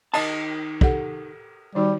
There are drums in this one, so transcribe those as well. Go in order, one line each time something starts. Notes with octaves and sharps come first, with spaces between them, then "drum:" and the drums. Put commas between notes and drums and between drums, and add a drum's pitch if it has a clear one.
D#3 D#5 A5, drum: cymbal
G4 A4 F#5, drum: kick
D#3 G3 D#4 F#4